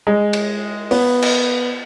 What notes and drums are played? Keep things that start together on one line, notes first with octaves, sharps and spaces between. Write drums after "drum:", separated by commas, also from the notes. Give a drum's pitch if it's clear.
G#3
drum: cymbal
B3, drum: open hi-hat
drum: cymbal